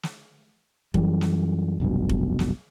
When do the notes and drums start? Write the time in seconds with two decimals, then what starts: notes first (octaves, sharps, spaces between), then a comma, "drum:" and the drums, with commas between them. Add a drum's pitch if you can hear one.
0.03 drum: snare
0.94 F#2 E3 G3, drum: kick F1
1.21 drum: snare
1.80 F1 B1 G2 B2
2.09 drum: kick F1
2.39 drum: snare